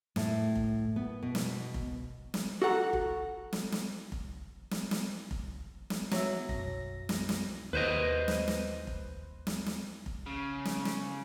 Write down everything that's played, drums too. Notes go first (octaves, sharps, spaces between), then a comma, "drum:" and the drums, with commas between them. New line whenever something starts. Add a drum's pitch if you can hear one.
A2, drum: snare
drum: kick F1
B3
B2
drum: snare
drum: kick F1
drum: snare
F#4 A4 F#5 A#5
drum: kick F1
drum: snare
drum: snare
drum: kick F1
drum: snare
drum: snare
drum: kick F1
drum: snare
F#3 B3 E5, drum: snare
B1 F#2 A#6, drum: kick F1
drum: snare
drum: snare
D#2 B4 C5 D#5
drum: snare
drum: snare
drum: kick F1
drum: snare
drum: snare
drum: kick F1
C#3
drum: snare
drum: snare